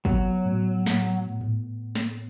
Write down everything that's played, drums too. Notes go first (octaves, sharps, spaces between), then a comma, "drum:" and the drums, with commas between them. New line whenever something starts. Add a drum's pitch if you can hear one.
F#3 B3, drum: kick
A2
A2, drum: snare
A2
drum: tom G#2
drum: snare